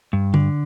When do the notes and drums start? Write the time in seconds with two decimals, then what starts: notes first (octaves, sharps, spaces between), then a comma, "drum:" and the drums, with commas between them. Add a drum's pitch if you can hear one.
0.13 G2
0.34 D3, drum: tom D3